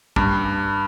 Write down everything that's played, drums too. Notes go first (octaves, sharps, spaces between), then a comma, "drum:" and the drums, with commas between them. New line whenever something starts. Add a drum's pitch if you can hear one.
G2, drum: kick